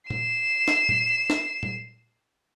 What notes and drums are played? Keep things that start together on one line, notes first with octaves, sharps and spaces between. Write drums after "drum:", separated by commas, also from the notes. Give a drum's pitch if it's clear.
C7 E7, drum: tom A#2
drum: snare
drum: tom A#2
drum: snare
drum: tom A#2